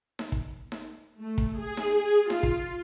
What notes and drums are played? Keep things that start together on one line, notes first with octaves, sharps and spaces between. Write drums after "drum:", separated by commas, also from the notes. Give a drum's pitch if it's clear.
drum: snare D#4
drum: kick
drum: snare D#4
A3
drum: kick
G#4
drum: snare D#4
F4, drum: snare D#4
drum: kick